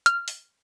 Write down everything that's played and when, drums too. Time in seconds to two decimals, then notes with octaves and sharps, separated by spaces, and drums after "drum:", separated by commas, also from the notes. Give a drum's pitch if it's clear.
0.06 F6, drum: hi-hat
0.28 drum: open hi-hat